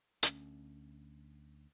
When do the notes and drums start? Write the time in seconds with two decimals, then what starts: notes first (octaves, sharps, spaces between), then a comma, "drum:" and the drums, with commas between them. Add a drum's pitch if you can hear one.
0.23 D2 C#4, drum: hi-hat